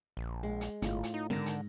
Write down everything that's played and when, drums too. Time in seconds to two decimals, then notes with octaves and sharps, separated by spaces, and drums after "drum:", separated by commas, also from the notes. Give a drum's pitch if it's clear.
0.17 A#1
0.43 G#3
0.61 drum: hi-hat
0.82 G1 A2 F4, drum: hi-hat
1.03 drum: hi-hat
1.14 D#4
1.30 G#2 D3 D#3 A#6
1.46 drum: hi-hat